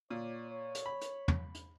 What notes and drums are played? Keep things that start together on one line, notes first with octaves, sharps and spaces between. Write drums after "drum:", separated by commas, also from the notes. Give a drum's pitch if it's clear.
A#2 C#5 D5
C#5
drum: hi-hat
B5
drum: hi-hat
drum: tom
drum: hi-hat